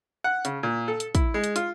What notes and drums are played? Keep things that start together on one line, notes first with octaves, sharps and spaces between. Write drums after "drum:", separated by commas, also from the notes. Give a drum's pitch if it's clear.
F#5
C#3, drum: hi-hat
A#2
A4
drum: hi-hat
E4, drum: kick, hi-hat
G#3
drum: hi-hat
F4, drum: hi-hat